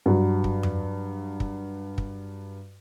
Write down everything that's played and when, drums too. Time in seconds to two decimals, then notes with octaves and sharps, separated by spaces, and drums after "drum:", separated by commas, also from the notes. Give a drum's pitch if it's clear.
0.06 G2 F#3
0.44 drum: kick
0.63 drum: tom F2
1.40 drum: kick
1.98 drum: kick